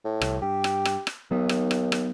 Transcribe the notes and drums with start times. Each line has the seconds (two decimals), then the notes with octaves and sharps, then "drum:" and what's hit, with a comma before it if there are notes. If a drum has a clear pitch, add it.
0.04 A2
0.21 C2, drum: rim click
0.42 G2 G4
0.64 drum: rim click
0.85 drum: rim click
1.07 drum: rim click
1.31 D#2 F#3 B3
1.49 drum: rim click
1.71 drum: rim click
1.92 drum: rim click